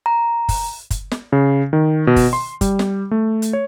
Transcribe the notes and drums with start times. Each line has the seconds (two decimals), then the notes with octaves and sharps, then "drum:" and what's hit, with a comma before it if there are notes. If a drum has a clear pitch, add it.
0.06 A#5
0.49 drum: kick, open hi-hat
0.91 drum: kick, hi-hat
1.11 drum: snare
1.32 C#3
1.73 D#3
2.07 B2
2.16 drum: kick, open hi-hat
2.33 C6
2.61 G3, drum: kick, hi-hat
2.79 drum: snare
3.11 A3
3.42 drum: hi-hat
3.53 C#5